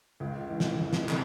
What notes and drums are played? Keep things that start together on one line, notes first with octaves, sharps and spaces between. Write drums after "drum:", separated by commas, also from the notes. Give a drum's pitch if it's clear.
C#2
E3
drum: snare
C#2
drum: snare
C3, drum: clap